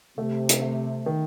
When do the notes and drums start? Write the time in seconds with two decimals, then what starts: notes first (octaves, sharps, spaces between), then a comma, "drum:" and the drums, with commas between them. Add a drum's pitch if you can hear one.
0.18 C3 A3
0.49 drum: hi-hat
0.61 A3
1.06 D#3